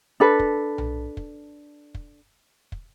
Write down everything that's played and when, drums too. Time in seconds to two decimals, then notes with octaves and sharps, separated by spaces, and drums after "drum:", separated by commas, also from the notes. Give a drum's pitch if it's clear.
0.20 D4 A4 B4
0.39 drum: kick
0.78 drum: tom B1
1.17 drum: kick
1.95 drum: kick
2.72 drum: kick